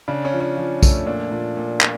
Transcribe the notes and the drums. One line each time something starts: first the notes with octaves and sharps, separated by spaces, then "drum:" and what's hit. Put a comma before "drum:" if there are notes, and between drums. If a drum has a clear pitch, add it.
C#3 D4
C#4
F3
C#4
F3
A3, drum: kick, tambourine
A#2 D4
A#2
A#2
A#2, drum: clap